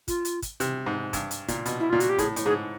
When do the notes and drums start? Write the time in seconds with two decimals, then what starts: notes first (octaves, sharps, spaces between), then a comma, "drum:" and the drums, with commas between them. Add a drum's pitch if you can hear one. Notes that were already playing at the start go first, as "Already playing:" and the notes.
0.08 F4, drum: kick, hi-hat
0.25 drum: hi-hat
0.42 drum: kick, hi-hat
0.60 C3, drum: hi-hat
0.86 G#2
1.13 G2, drum: kick, hi-hat
1.31 drum: hi-hat
1.48 A#2, drum: kick, hi-hat
1.66 B2, drum: hi-hat
1.80 E4
1.90 A#2 F4
2.00 F#4, drum: hi-hat
2.09 G4
2.18 A2 G#4, drum: kick, hi-hat
2.36 A2, drum: hi-hat
2.45 G#2 G#4